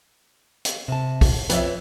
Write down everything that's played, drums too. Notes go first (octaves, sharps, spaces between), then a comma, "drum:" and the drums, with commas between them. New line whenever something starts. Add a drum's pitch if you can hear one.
drum: hi-hat
C3 A5
drum: kick, open hi-hat
F2 B4 C#5 E5, drum: hi-hat